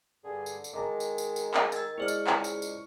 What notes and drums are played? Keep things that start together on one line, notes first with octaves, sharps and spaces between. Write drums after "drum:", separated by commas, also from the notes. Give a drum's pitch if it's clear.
G2 D3 G#4
drum: tambourine
drum: tambourine
D#3 G#3 A5 A#5 D6
drum: tambourine
drum: tambourine
drum: tambourine
drum: clap
E6 G#6 A6, drum: tambourine
G#3 E4 C5 D5 D#5 C#6 F6
drum: tambourine
C#2, drum: clap
drum: tambourine
drum: tambourine